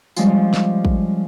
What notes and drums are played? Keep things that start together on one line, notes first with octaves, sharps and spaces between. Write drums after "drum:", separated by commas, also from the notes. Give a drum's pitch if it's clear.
F3 G3 G#3 C4 C#4 F4, drum: tambourine
drum: snare
drum: kick